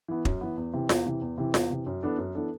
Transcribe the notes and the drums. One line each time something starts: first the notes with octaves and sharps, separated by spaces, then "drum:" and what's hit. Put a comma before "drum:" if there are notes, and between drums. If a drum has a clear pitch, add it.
E3 B3
F#2, drum: kick
E3 B3
E2
C3 E3
E2, drum: snare F4
C3 E3
E2
C3 E3
E2, drum: snare F4
C3 E3
F#2
E3 B3 D4 A4
F#2
E3 B3 D4 A4